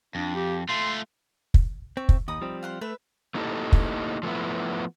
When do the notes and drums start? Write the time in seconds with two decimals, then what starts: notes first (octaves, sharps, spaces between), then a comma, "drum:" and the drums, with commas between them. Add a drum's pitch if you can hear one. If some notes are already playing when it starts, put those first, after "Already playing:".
0.15 F2 D4
0.35 G4
0.69 A3 F4 C6
1.54 drum: kick
1.97 C4 E5 C#6
2.09 drum: kick
2.28 D#2 D#4 B5 D#6
2.41 F3 G3 C4
2.63 F5 F#5 C6
2.81 A3 B4 E5
3.35 A3 A#3 D#4 E4 G4 A4
3.72 drum: kick
4.23 F3 A3 B3 E4